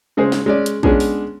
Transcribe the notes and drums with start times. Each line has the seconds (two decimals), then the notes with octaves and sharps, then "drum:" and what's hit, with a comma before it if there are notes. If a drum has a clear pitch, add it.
0.17 C#3 G#3 G#4 C5
0.32 drum: snare
0.46 G#3 C#4 D5
0.66 drum: hi-hat
0.83 G#3 B3 C#4 D4 G#4, drum: kick
1.00 drum: open hi-hat